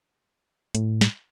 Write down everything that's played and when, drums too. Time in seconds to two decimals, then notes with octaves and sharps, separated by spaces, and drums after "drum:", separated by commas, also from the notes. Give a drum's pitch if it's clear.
0.75 A2, drum: hi-hat
1.01 drum: snare